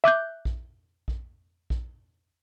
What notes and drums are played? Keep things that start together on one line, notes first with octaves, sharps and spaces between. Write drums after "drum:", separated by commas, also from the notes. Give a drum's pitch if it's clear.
E5 D6 F#6 G6
drum: kick A#1
drum: kick A#1
drum: kick A#1